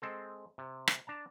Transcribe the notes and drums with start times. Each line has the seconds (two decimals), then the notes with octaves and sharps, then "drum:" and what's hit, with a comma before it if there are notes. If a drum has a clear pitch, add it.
0.02 G#3 C4 A4
0.58 C3
0.88 drum: rim click
1.07 D4 A5 A#5